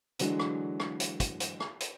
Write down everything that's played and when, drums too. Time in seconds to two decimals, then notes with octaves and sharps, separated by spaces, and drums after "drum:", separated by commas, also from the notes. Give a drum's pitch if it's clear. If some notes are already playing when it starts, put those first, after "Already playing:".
0.19 D3 E3 F#3 G#3 D4, drum: hi-hat
0.39 drum: rim click
0.80 drum: rim click
1.00 drum: hi-hat
1.20 drum: kick, hi-hat
1.40 drum: hi-hat
1.60 drum: rim click
1.80 drum: hi-hat